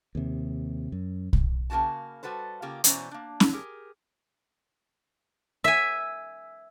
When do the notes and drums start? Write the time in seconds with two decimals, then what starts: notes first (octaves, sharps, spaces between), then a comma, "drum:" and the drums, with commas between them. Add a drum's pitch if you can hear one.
0.15 D#2 C3
0.92 F#2
1.33 drum: kick
1.70 C#3 A#3 F4 F#4 A5
2.23 G3 F#4 A4 B4 C5
2.62 C#3 A#3 F4 G4
2.84 B2 E3 C#4 C5 D5 A#5, drum: hi-hat
3.11 A#3 D4
3.40 drum: snare C#4
3.53 G4 G#4 A#4
5.64 E5 G#5